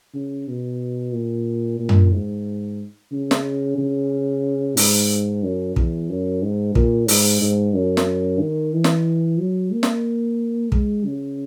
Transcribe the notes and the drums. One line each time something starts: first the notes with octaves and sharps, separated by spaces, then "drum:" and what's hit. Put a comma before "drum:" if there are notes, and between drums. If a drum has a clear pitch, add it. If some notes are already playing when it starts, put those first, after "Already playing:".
C#3
B2
A#2
A#2
drum: tom F#2
G#2
C#3
drum: snare
C#3
G#2, drum: open hi-hat
F#2
E2, drum: kick
F#2
G#2
A#2, drum: kick
G#2, drum: open hi-hat
G#2
F#2
drum: snare
D#3
E3
drum: snare
F#3
A#3
drum: snare
G#3, drum: kick
C#3